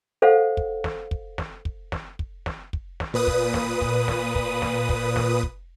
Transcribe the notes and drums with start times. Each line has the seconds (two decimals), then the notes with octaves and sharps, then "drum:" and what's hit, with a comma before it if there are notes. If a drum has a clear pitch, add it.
0.22 A4 C5 F5 F#5
0.57 drum: kick
0.84 drum: snare
1.11 drum: kick
1.38 drum: snare
1.65 drum: kick
1.92 drum: snare
2.19 drum: kick
2.46 drum: snare
2.73 drum: kick
3.00 drum: snare
3.14 A#2 B4 D#6
3.27 drum: kick
3.54 drum: snare
3.81 drum: kick
4.08 drum: snare
4.35 drum: kick
4.62 drum: snare
4.89 drum: kick
5.16 drum: snare
5.43 drum: kick